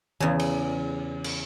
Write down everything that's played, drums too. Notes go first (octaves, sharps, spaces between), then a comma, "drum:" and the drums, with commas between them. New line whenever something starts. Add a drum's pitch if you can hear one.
E2 C#3, drum: tom D#3
drum: cymbal
drum: cymbal